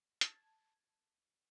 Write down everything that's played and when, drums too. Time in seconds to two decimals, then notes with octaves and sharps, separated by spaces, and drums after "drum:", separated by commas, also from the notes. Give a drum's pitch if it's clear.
0.21 A5 G#6, drum: hi-hat